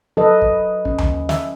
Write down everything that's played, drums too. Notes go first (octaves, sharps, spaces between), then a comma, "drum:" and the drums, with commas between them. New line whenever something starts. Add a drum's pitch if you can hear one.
F#3 A4 B4 D#5
drum: kick
C#4, drum: kick
drum: tom D#2
E5, drum: snare